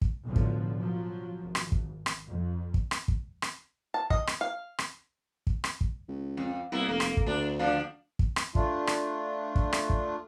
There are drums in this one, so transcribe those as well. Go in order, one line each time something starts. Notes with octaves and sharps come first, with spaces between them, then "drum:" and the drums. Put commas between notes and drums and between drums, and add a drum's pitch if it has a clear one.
drum: kick
B1 A2 D3 F3
drum: kick
F3 F#3
G#1
drum: rim click
drum: kick
drum: rim click
F2
drum: kick
drum: rim click
drum: kick
drum: rim click
A5
D#5, drum: kick
drum: rim click
F5
drum: rim click
drum: kick
drum: rim click
drum: kick
C#2
F2
C2 A#3 B3 E4
F1 A#3 A4
drum: rim click
drum: kick
D2 D4
D3 F3 D4 F5
drum: kick
drum: rim click
A3 D4 F4, drum: kick
drum: rim click
drum: kick
drum: rim click
drum: kick